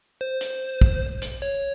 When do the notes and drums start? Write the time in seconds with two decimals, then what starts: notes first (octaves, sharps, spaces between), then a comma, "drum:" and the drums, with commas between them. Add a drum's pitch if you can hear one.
0.21 C5
0.41 drum: hi-hat
0.81 drum: kick
1.22 drum: hi-hat
1.42 C#5